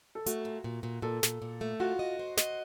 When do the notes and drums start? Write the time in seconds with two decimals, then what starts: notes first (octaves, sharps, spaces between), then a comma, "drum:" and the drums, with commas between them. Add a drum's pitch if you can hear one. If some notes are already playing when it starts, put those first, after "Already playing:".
0.15 A4
0.26 A3 F#4, drum: hi-hat
0.45 A#2
0.64 A#2
0.83 A#2
1.02 A#2 A4
1.23 A#2, drum: snare
1.42 A#2
1.61 A3
1.80 F4 F#4
1.99 D#5
2.19 C5
2.37 D#5, drum: snare